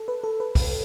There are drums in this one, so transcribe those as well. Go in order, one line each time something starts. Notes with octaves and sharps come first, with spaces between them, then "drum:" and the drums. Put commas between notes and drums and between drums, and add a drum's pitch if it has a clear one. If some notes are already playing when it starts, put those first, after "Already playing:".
Already playing: A4
B4
A4
B4
drum: kick, open hi-hat